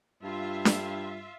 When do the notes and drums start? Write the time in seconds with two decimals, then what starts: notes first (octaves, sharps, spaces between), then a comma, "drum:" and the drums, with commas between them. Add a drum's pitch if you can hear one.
0.23 G2 F4 E5
0.65 drum: snare D4